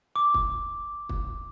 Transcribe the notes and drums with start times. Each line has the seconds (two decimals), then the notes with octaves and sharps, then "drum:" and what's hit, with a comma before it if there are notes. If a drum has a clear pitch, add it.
0.16 D6
0.34 drum: kick
1.09 drum: kick